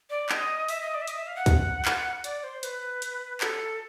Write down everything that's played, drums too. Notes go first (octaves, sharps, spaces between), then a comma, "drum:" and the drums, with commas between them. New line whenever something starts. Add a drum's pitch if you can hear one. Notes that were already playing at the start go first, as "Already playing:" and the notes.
D5
D#5, drum: clap
E5, drum: open hi-hat
D#5
D5
E5
D#5, drum: hi-hat
E5
F5
F#5
drum: kick, hi-hat
drum: clap
D5, drum: hi-hat
C5
B4, drum: hi-hat
drum: hi-hat
A4, drum: clap